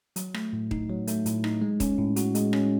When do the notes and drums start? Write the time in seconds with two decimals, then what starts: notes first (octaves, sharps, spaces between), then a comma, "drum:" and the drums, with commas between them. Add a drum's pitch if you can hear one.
0.16 F#3, drum: hi-hat
0.34 A3, drum: rim click
0.53 A2
0.71 D#4, drum: kick D#1
0.89 F#3
1.07 A3, drum: hi-hat
1.26 A2, drum: hi-hat
1.44 D#4, drum: rim click
1.62 G#3
1.80 C#4, drum: kick D#1, hi-hat
1.98 A2
2.16 F#4, drum: hi-hat
2.35 G#3, drum: hi-hat
2.53 C#4, drum: rim click